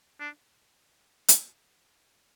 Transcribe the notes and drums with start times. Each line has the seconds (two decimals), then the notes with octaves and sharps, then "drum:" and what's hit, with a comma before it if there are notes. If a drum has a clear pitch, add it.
0.21 D4
1.28 drum: hi-hat